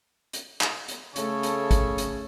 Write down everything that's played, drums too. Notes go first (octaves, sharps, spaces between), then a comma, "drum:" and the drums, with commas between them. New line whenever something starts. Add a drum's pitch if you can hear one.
drum: hi-hat
drum: clap
drum: hi-hat
C#3 A3 A4 C#5, drum: hi-hat
drum: hi-hat
drum: kick, hi-hat
drum: hi-hat